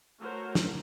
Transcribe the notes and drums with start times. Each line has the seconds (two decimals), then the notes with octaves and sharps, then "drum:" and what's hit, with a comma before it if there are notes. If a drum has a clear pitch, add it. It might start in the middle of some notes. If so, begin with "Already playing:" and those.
0.19 A3 F#4 A#4 C5 C#5
0.55 drum: snare